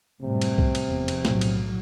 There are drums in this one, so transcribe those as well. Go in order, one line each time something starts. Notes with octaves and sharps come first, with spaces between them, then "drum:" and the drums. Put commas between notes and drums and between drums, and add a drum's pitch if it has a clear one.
F#2 A2 C3 G3
drum: cymbal
drum: kick C2
drum: cymbal
F1 E2
drum: cymbal
B1 A2 F#3, drum: snare
drum: cymbal